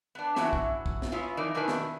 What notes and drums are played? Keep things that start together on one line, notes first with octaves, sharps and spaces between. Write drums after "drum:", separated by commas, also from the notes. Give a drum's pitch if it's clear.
B3 D4
E3 F#3 C#4 E4, drum: snare
drum: kick
drum: kick
drum: snare
B3 C#4 E4 F4
F2 E3 D#4 A#4 D5
B2 D#3 D4 E4 B4 G#5
drum: snare